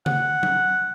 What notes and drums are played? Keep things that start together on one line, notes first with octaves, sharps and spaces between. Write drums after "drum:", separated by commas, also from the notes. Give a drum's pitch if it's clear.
F#5, drum: tom C#3
drum: tom F#3